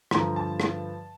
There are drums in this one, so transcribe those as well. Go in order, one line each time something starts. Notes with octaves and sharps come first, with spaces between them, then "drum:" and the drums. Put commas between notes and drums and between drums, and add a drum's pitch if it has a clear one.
G2 D3 F3 A#5, drum: rim click
A5
drum: rim click